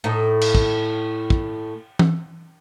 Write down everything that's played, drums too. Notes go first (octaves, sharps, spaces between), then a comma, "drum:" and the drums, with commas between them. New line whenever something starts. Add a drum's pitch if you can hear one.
A2 D#4
drum: cymbal
drum: kick
drum: kick
drum: tom E3